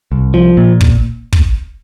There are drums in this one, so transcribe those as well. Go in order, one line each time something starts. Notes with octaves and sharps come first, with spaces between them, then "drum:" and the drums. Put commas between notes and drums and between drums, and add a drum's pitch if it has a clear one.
C2
F3
A#2
drum: kick
drum: kick